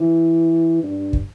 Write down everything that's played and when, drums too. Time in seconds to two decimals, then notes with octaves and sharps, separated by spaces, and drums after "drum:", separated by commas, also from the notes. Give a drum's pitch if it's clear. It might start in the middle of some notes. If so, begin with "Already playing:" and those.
Already playing: E3
0.83 G2
1.13 drum: kick